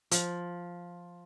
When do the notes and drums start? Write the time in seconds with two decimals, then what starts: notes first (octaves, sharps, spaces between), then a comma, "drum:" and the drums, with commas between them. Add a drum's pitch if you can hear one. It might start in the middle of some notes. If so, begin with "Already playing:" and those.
0.11 F3, drum: hi-hat